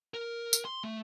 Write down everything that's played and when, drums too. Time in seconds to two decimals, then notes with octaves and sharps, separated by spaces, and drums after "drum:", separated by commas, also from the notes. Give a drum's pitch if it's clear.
0.14 A#4
0.53 drum: tambourine
0.65 C6
0.84 A3